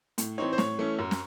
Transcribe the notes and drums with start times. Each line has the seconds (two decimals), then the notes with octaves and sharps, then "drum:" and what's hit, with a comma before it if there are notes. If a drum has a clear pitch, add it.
0.18 A2, drum: hi-hat
0.38 E3 C4 D#4 C#5
0.53 C5
0.58 A2 C#5, drum: snare
0.79 E3 A3 C#4
0.99 F#2
1.11 drum: snare